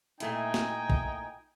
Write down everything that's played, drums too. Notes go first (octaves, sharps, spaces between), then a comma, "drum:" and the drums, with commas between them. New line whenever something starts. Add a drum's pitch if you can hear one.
A#2 A3 D#4 E4 G5 G#5, drum: hi-hat
drum: snare
drum: kick A#1